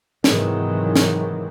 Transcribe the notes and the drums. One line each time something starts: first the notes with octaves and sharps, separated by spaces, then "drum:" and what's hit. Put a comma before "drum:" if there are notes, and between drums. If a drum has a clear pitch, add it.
G#2 C3 D#3 E3 F#3 G#3, drum: snare
drum: snare